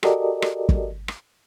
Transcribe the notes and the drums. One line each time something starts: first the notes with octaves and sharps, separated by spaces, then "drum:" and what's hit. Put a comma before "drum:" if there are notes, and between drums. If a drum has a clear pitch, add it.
F#4 G4 A4 A#4 D5 D#5, drum: rim click
drum: rim click
drum: kick
drum: rim click